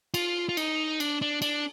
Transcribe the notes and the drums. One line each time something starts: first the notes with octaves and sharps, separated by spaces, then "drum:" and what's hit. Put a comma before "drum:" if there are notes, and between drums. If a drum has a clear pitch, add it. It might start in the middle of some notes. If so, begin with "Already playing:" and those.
F4, drum: cymbal
F4
D#4, drum: cymbal
D4, drum: cymbal
D4
D4, drum: cymbal